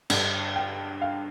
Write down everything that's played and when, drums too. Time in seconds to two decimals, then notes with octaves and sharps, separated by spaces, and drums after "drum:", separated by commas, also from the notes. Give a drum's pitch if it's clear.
0.10 G2 D3, drum: cymbal
0.56 G5
1.01 F5